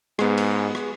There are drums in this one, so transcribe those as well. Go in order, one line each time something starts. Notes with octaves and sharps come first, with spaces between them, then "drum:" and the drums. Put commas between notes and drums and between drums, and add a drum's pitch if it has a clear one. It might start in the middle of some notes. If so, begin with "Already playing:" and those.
G#2 G#3 B3, drum: rim click
drum: cymbal
drum: rim click